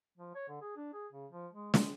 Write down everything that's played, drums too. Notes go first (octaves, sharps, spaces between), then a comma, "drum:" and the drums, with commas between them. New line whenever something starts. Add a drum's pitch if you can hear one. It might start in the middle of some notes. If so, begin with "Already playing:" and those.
F3
C#5
D3
G#4
D4
G#4
C#3
F3
G#3
G#3, drum: snare